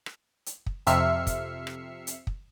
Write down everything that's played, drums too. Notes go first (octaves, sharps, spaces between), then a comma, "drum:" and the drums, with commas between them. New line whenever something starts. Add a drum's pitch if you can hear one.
drum: rim click
drum: hi-hat
drum: kick
F2 C3 E5 F6 C7 C#7, drum: hi-hat
drum: kick, hi-hat
drum: rim click
drum: hi-hat
drum: kick